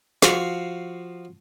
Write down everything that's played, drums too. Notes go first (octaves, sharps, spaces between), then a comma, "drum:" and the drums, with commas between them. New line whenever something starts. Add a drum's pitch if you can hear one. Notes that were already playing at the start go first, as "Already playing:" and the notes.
F3 F#4 F5 C#6, drum: snare